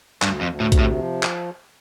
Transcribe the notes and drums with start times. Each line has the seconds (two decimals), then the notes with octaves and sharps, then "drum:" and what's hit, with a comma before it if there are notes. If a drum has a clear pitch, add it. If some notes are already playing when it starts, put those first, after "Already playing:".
0.22 D2 G2, drum: clap
0.41 F2
0.47 D2
0.60 A2
0.72 C3, drum: kick, hi-hat
0.79 A2
0.98 F3
1.23 drum: clap